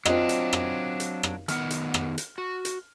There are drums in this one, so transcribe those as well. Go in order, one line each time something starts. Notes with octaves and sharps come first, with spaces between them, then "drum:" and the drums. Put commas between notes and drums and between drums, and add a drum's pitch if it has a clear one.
F#3 C4 D4 F4 D#5, drum: rim click
drum: hi-hat
drum: rim click
drum: hi-hat
drum: rim click
D#3 B3 F#5 F6, drum: hi-hat
drum: hi-hat
drum: rim click
drum: hi-hat
F#4
drum: hi-hat